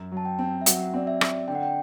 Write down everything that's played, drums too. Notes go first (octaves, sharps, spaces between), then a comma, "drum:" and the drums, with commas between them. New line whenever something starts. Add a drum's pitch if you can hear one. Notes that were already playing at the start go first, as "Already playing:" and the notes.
Already playing: F#2
F#3
A5
G5
C4
E5
F#3 F#5, drum: hi-hat
C4 D5
E5
D5, drum: rim click
D3 G5
F#5
G5